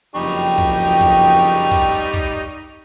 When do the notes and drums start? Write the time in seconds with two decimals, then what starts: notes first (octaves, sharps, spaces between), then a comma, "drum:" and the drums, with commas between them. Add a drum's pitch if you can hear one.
0.15 F#1 F2 G3 D#4 G5 C#6
0.58 drum: kick
1.00 drum: kick
1.71 drum: kick
2.13 drum: kick